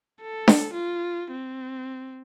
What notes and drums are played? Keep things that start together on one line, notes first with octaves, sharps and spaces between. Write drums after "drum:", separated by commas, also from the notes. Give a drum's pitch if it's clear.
A4
drum: snare D4
F4
C4